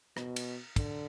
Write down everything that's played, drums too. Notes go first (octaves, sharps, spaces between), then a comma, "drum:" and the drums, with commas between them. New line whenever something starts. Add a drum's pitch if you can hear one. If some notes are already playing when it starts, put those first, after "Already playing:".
B2, drum: rim click
drum: cymbal
D3, drum: kick, cymbal